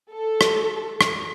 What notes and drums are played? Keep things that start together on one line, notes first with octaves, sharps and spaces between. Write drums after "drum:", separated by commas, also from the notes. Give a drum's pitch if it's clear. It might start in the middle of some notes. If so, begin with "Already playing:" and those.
A4
drum: rim click
drum: rim click